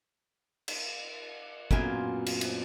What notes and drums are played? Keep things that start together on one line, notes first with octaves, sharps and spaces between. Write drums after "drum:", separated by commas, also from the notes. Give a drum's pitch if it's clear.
drum: cymbal
F#2 A#2 B3 C4 F4 G#5, drum: kick
drum: cymbal
drum: cymbal